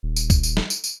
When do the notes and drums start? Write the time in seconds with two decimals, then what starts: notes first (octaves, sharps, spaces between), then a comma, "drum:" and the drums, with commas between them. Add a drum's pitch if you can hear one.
0.03 D#1
0.16 drum: tambourine
0.30 drum: kick C2, tambourine
0.43 drum: tambourine
0.57 drum: snare
0.70 drum: tambourine
0.84 drum: tambourine